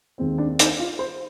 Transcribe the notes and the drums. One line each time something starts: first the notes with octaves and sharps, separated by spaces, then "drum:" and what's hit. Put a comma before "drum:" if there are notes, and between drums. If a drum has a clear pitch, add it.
D#2 D#3 G#3 C4
D4
D#4, drum: hi-hat
F4
C5